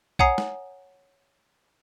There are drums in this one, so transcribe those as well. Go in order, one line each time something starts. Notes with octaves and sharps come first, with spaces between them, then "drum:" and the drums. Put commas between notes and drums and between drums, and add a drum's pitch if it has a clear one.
C#5 F#5 G#5 A#5 D#6 C7, drum: kick A#1
drum: snare